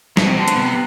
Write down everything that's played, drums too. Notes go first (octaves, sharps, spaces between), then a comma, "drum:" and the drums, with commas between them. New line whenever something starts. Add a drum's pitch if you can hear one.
B2 C4, drum: snare
C3
D3
B3, drum: hi-hat
C3